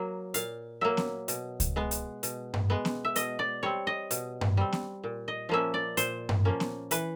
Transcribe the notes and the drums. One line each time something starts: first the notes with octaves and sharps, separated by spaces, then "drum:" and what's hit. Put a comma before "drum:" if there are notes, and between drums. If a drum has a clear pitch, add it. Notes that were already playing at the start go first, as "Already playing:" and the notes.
Already playing: F#3 A#3
A#2 F5, drum: hi-hat
F#3 A#3 E5
drum: snare B3
B2, drum: hi-hat
drum: kick C#2, hi-hat
G#3 B3
drum: hi-hat
B2, drum: hi-hat
drum: tom G2
G#3 B3
drum: snare B3
E5
B2 D#5, drum: hi-hat
D5
G3 C4 C#5
D#5
B2, drum: hi-hat
drum: tom G2
G3 C4
drum: snare B3
A#2
D#5
F3 A#3 C#4 E5
D5
A#2 C5, drum: hi-hat
drum: tom G2
F3 A#3 C#4
drum: snare B3
E3 B4, drum: hi-hat